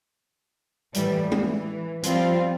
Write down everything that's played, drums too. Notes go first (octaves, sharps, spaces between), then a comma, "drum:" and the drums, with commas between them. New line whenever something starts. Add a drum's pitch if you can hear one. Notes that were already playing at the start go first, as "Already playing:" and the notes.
A2 E3 G3, drum: hi-hat
E3, drum: tom G#3
F3 G3 C4 F4, drum: hi-hat